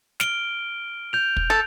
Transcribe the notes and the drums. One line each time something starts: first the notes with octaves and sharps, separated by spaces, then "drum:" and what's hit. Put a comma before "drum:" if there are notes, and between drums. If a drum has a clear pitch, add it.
F6 D7 G7, drum: snare
G6 F7
drum: kick
A4